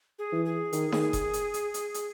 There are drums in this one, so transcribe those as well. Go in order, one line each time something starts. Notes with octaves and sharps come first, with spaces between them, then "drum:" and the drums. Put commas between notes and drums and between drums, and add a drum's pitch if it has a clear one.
G#4
E3
G#4
D#3, drum: hi-hat
D#3, drum: snare D#4
drum: kick F1, hi-hat
drum: hi-hat
drum: hi-hat
drum: hi-hat
drum: hi-hat